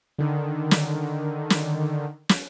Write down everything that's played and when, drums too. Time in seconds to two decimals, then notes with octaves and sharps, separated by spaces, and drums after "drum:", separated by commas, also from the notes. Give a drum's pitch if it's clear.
0.19 D3 D#3
0.71 drum: snare
1.50 drum: snare
2.29 drum: snare